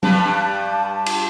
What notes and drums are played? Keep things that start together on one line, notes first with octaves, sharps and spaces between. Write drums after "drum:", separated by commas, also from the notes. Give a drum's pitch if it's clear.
G2 G3 B4 A5, drum: tom
drum: cymbal